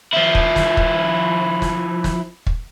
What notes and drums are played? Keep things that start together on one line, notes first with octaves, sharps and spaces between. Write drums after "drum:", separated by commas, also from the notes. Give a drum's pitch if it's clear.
F3 E4
drum: kick
drum: snare
drum: kick
drum: snare
drum: snare
drum: kick